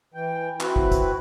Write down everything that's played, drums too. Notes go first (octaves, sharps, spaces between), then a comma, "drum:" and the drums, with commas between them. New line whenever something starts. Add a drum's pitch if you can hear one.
E3 G5
C4 E4 F#4 B4, drum: clap
drum: kick
drum: kick, hi-hat